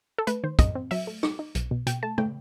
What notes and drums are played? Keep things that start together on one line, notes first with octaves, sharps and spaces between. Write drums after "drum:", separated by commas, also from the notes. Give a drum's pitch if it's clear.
A4
A3 B4, drum: hi-hat
D#3 C5
F#2 D#5, drum: kick, hi-hat
C4
F#3 E5, drum: open hi-hat
A3
D#4, drum: rim click
D#4
B1, drum: hi-hat
B2
B2 G5, drum: hi-hat
A3 A5
A3 G5, drum: tom